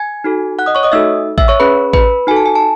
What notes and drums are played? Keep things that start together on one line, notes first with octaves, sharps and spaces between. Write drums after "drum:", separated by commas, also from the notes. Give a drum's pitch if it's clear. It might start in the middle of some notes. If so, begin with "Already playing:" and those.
Already playing: G#5 G#6
D#4 F#4 A4
F#5 F#6
D#5 D#6
C#5 C#6
D#5 D#6
A3 D#4 F#4 A4 E5 E6
E5 E6, drum: kick A1
C#5 C#6
C#4 G#4 B4 B5
B4 B5, drum: kick A1
D#4 F#4 A4 G#5
A5
G#5
A5